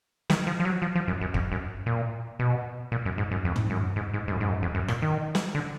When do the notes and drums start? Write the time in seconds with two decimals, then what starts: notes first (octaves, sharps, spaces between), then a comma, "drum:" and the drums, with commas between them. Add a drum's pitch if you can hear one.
0.30 D#3, drum: snare
0.47 F3
0.60 F3
0.65 F#3
0.82 F3
0.95 F3
1.08 F#2
1.21 F#2
1.34 F2, drum: kick
1.52 F#2
1.86 A#2
2.39 B2
2.92 A#2
3.05 F#2
3.18 G#2
3.31 F#2
3.45 F2
3.56 drum: tom
3.70 F#2
3.96 G#2
4.14 G#2
4.28 G#2
4.31 F#2
4.40 G#2
4.49 F#2
4.62 F2
4.75 F#2
4.88 A#2, drum: rim click
5.02 D#3
5.35 drum: snare
5.55 D3